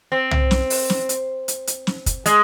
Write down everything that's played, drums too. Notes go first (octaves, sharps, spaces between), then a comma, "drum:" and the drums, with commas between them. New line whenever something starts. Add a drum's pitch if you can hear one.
C4
drum: tom
drum: snare
drum: open hi-hat
drum: snare
drum: hi-hat
drum: hi-hat
drum: hi-hat
drum: snare
drum: kick, hi-hat
G#3, drum: hi-hat